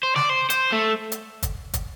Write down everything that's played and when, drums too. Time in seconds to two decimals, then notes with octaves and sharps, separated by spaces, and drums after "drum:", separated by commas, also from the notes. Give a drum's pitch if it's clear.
0.03 C5
0.16 D5, drum: snare
0.30 C5
0.50 C5, drum: hi-hat
0.73 A3
1.12 drum: hi-hat
1.43 drum: kick, hi-hat
1.73 drum: kick, hi-hat